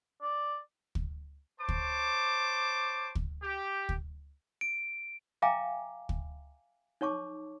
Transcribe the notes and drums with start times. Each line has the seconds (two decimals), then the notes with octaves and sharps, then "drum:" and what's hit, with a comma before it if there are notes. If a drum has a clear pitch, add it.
0.22 D5
0.95 drum: kick
1.59 C5 C#5 A5 D6
1.69 drum: kick
3.15 drum: kick
3.43 G4
3.89 drum: kick
4.61 D7
5.42 E5 F5 G5 G#5 A#5 D6
6.09 drum: kick
7.01 D#4 C#5 A5 C#6 D6